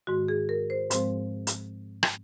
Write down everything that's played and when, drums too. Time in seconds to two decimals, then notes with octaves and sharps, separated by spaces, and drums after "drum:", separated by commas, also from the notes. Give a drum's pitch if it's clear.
0.07 G#2 D#3 G#3 F#4
0.28 G#4
0.49 A#4
0.70 C5
0.91 G#2 F3 G#3 C4 C5, drum: hi-hat
1.47 drum: hi-hat
2.03 drum: rim click